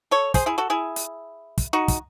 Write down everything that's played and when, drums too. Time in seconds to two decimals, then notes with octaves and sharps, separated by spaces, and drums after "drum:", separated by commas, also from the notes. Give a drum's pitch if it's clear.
0.11 A4 C#5
0.34 G#4 C5, drum: kick, hi-hat
0.46 E4 G#4
0.58 F#4 A4
0.70 E4 G#4
0.96 drum: hi-hat
1.58 drum: kick, hi-hat
1.73 D#4 F#4
1.88 drum: kick, hi-hat